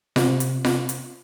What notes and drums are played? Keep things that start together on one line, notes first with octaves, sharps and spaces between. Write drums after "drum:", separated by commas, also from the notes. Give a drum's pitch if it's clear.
C3, drum: snare F4
drum: hi-hat
drum: snare F4
drum: hi-hat